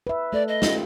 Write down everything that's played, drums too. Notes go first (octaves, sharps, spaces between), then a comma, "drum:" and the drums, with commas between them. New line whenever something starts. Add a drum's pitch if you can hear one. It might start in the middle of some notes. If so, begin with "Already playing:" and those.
B4 E5
A3 A4 D5
D#5
C#4 F4 G4, drum: snare